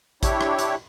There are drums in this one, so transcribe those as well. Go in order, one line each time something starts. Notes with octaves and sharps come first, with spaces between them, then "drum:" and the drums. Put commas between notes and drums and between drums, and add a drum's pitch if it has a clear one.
D4 E4 G4 C#5, drum: kick A1, hi-hat
drum: rim click
drum: hi-hat